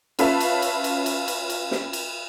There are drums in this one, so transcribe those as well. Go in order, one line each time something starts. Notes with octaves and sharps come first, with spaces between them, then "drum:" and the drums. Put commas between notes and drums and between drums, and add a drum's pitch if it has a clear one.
C#4 F4 B4 E5 F5 A5, drum: cymbal
drum: cymbal
drum: cymbal
drum: cymbal
drum: cymbal
drum: cymbal
drum: cymbal
drum: snare
drum: cymbal